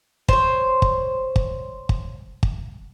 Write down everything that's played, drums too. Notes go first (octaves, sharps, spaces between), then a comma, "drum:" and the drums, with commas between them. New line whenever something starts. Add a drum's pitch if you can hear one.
C5 C#5, drum: kick
drum: kick
drum: kick
drum: kick
drum: kick